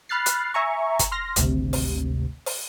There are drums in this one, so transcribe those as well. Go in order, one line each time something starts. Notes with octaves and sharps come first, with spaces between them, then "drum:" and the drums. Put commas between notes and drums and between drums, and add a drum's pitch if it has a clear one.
B5 F6 F#6 A6 C7
drum: hi-hat
E5 G#5 A#5 C#6
drum: kick, hi-hat
C6 F6 A#6
G#1 D2 C3, drum: hi-hat
drum: open hi-hat
drum: open hi-hat